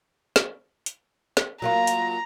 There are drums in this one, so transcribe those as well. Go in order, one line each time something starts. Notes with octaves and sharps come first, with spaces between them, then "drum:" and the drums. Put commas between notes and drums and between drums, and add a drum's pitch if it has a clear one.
drum: snare
drum: hi-hat
drum: snare
F#3 A#3 F4 A#5
drum: hi-hat